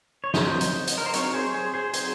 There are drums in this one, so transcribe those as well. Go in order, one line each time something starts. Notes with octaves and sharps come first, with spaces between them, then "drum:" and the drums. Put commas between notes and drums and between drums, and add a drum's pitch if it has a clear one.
C#5
F#3 C4 D#4 C5 D#5, drum: snare
drum: hi-hat
drum: hi-hat
A#4
C5
F#3 C4 D#4 A#4 C#5, drum: hi-hat
G#4 C5
G#4 C5
G#4 C5
F#3 C4 D#4 G#4 C5, drum: hi-hat